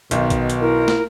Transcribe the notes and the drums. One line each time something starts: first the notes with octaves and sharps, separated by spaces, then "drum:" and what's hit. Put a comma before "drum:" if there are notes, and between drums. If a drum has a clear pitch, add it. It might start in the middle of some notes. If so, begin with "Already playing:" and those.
B1 B2 D#3, drum: hi-hat
drum: kick A#1, hi-hat
drum: hi-hat
E4 A#4
drum: snare